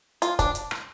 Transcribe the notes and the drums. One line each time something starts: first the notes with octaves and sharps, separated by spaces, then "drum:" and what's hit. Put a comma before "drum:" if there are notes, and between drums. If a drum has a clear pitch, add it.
F4, drum: hi-hat
D4, drum: kick, hi-hat
drum: hi-hat
drum: rim click